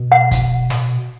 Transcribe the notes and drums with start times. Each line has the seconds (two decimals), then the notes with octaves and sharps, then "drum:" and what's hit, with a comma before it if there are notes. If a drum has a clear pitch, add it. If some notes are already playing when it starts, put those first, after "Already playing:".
Already playing: B2
0.12 F#5
0.31 drum: kick, hi-hat
0.70 drum: snare